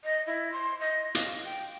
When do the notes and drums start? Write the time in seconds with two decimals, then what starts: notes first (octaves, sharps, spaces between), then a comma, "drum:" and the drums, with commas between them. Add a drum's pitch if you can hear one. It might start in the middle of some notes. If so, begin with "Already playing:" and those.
0.04 D#5
0.26 E4
0.52 C6
0.80 D#5
1.15 F5, drum: hi-hat
1.44 G5